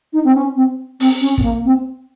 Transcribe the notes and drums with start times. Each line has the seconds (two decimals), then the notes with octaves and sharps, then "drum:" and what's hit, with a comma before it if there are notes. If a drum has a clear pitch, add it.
0.13 D#4
0.24 C4
0.35 C#4
0.56 C4
1.00 C4, drum: open hi-hat
1.21 C#4
1.38 C4, drum: kick
1.42 A#3
1.65 C4